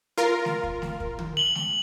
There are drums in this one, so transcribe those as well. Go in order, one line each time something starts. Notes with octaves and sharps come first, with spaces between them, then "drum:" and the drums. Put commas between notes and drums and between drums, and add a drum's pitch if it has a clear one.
F4 A#4
drum: snare A3
drum: kick
drum: snare A3
drum: kick
drum: tom D3
F#7 G7
drum: snare A3